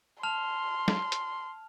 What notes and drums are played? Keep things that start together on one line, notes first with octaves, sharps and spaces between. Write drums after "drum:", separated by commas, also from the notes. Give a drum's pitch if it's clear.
A5 C6 F6 F7
drum: snare
drum: hi-hat